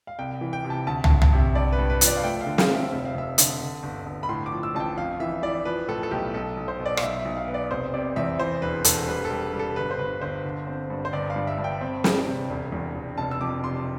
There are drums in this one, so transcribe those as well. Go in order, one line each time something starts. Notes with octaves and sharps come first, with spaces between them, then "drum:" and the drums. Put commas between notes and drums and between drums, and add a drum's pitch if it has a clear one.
F5
C2 G5
E3
G5
C3
A5
D2 A5
A5, drum: tom
D2
A5, drum: tom
C3
E5
G2 D5
B4
G2
B4
F3, drum: hi-hat
D5
F5
A3 G5
F5
D3
F5, drum: snare
C4
E5
F1 E5
F5
F1 E5
D3, drum: hi-hat
D3
G1
G1
B5
A2 C6
D6
F3
E6
A1 A5
G5
F2 F5
E3 E5
E3 D5
F3 B4
A2 A4
A4
B1 G4
B1 A4
B1
C5
B2
D5
F5, drum: rim click
B1 E5
E5
B1
F5
B3
D5
F1 C5
C3 D5
E2 E5
E3 C5
E1 B4
E1 A4, drum: hi-hat
G3 B4
A4
G3
G3
A4
G1 B4
C5
G1 B4
G1 C5
D3
C4
G2
C5
G1 D5
F5
G2
E5
G2
G5
C4
G3, drum: snare
C3
E1
E2
E1
F1 A5
E6
F2 D6
C3 C6